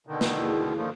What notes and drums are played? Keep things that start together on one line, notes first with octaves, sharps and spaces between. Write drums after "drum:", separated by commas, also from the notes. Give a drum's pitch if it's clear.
B2 D3 D#3
drum: snare
E4 G#4
D3 D#3 F3